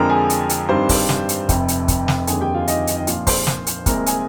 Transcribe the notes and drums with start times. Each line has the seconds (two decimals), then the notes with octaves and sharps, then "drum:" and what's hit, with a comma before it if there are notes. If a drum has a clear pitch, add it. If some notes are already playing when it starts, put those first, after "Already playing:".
Already playing: F2 D3 F3 G#3 A#4 A#5
0.10 G#4 G#5
0.30 drum: hi-hat
0.49 drum: hi-hat
0.69 G2 D#3 G3 C4 C5 C6
0.89 drum: kick, open hi-hat
1.09 drum: snare
1.29 drum: hi-hat
1.49 F1 F2 C3, drum: kick, hi-hat
1.68 drum: hi-hat
1.88 drum: kick, hi-hat
2.08 drum: snare
2.27 F1 D#2 D3 G#4 G#5, drum: hi-hat
2.41 G4 G5
2.54 F4 F5
2.68 D#4 D#5, drum: hi-hat
2.87 drum: hi-hat
2.97 D#5
3.07 A#1 A#2 F3 F4 F5, drum: hi-hat
3.27 C5 C6, drum: kick, open hi-hat
3.47 drum: snare
3.67 drum: hi-hat
3.86 C2 A#2 G#3 C4 A#4 A#5, drum: kick, hi-hat
4.06 G#4 G#5, drum: hi-hat